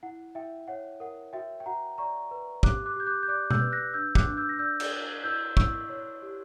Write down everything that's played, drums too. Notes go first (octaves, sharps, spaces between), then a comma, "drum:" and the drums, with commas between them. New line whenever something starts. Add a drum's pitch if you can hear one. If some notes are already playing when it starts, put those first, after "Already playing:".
E4 F#5
E4 E5 G5
C#5 F#5
A#4 F#5
F#4 E5 G5
G5
F#4 F#5 A#5
D5 A#5 C#6
B4
G4 D6 F#6, drum: kick
D6 F#6
G4 G6
D6 F#6
G6
D5 D6 F#6
E6 G6, drum: tom B2
B4
F#6 A#6
D4 E6 G6
D6 F#6, drum: kick
D4
E6 G6
A#6
D5 E6 G6
drum: cymbal
A#4
E4 E6 G6
E4 C#6 E6, drum: kick
C#5
G4